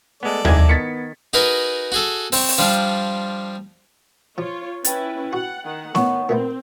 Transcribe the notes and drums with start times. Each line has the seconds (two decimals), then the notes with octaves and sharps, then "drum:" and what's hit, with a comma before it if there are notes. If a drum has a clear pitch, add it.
0.23 G#3 A3 B3 A4 D5
0.45 C2 G#2 D#4 G#5 G#6, drum: tom D#2
0.69 D#3 B3 A6 B6 C#7
1.33 D#4 F#4 G#4 A#4 B4 D#5
1.92 F#4 G#4 A4
2.32 C4 C#6, drum: open hi-hat
2.48 drum: open hi-hat
2.58 F3 G3 D4 F4
4.38 F3 F4 C#5
4.84 C#4 E4 B4 G5 A6, drum: hi-hat
5.33 F#4 F#5
5.65 D#3 F#5
5.95 A2 D#3 B3 C#5 F#5 C#6, drum: snare B3
6.29 A#2 A3 B3 C4 A#4